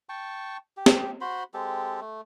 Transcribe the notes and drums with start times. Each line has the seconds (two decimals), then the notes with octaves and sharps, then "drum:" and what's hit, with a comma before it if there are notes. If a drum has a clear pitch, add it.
0.09 G5 A5 C#6
0.77 G4
0.86 drum: snare
1.21 F#4 C5 B5 C6
1.54 G#3 C4 G4 A4
2.01 A3